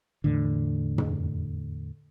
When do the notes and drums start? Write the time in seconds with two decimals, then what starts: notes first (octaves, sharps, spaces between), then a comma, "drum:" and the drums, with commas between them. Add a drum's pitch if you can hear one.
0.24 E2 A2 D3
0.98 drum: tom